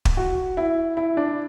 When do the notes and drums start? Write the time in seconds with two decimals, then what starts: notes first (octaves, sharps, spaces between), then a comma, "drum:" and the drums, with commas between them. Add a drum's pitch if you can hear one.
0.05 drum: kick
0.17 F#4
0.57 E4
0.97 E4
1.17 D4